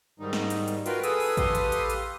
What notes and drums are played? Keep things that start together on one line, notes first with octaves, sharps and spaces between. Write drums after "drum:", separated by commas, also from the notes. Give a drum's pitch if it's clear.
G#2 D#3 G3 D#4
drum: snare
drum: hi-hat
drum: hi-hat
F4 F#4 A#4 B4 F5 G5, drum: hi-hat
G#4 A4 B4 G#5 D#6 E6, drum: hi-hat
drum: open hi-hat
G4 A4 B4 F5 C6 D#6, drum: kick A1, hi-hat
drum: hi-hat
drum: hi-hat
drum: hi-hat